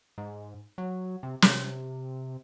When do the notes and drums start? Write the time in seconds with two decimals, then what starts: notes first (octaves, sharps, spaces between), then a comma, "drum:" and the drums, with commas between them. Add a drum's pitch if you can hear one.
0.18 G#2
0.78 F#3
1.23 C3
1.42 C3, drum: snare